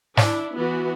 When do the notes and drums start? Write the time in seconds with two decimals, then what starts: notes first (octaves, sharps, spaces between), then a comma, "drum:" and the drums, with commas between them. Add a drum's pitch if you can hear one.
0.17 D4 E4, drum: snare
0.57 E3 B3 F#4